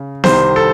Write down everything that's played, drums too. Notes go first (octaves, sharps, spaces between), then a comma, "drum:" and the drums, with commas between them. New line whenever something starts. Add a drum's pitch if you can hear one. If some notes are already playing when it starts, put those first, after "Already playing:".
Already playing: C#3
C2 C3 D#3 C5, drum: snare B3
A4